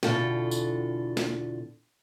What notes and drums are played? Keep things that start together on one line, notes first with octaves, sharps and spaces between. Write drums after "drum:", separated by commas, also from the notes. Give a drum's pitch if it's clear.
E2 B2 D3 F4 A4 G5, drum: snare
drum: tambourine
drum: snare